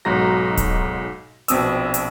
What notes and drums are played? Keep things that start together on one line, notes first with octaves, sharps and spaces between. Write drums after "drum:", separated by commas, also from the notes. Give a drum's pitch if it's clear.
B1 G#2 D#4 F#4 A#5 A#6
drum: kick D1, hi-hat
A#1 B2 C4 D#6 E6, drum: hi-hat
drum: hi-hat